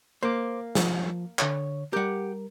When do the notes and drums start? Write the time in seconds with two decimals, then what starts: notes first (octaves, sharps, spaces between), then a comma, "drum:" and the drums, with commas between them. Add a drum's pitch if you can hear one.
0.23 A#3 C5 D6
0.75 F3, drum: snare
1.39 D3 C#5, drum: clap
1.93 G3 G4 A#4 F#5